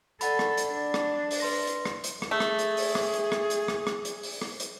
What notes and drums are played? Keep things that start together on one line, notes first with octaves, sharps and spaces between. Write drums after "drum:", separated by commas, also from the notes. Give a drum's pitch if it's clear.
A4 D5 F#5 B5, drum: hi-hat
drum: rim click
drum: hi-hat
D4
drum: rim click
drum: open hi-hat
B4 C6 A#6
drum: hi-hat
drum: rim click
drum: hi-hat
drum: rim click
A3 G#4
drum: rim click
drum: hi-hat
drum: open hi-hat
drum: rim click
drum: hi-hat
drum: rim click
drum: hi-hat
drum: rim click
drum: rim click
drum: hi-hat
drum: open hi-hat
drum: rim click
drum: hi-hat